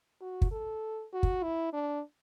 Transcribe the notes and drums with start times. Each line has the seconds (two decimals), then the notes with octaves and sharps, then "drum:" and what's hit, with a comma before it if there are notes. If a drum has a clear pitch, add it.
0.21 F#4
0.42 drum: kick
0.51 A4
1.13 F#4
1.23 drum: kick
1.43 E4
1.73 D4